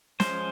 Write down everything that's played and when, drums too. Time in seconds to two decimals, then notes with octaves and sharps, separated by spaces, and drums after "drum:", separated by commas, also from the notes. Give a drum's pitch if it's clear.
0.20 F3 G#3 C#4 C5, drum: snare